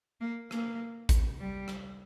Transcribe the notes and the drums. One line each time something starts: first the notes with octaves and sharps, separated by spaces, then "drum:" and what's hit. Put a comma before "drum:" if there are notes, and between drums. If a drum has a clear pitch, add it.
A#3
A#3, drum: rim click
drum: kick A1, hi-hat
G3
drum: rim click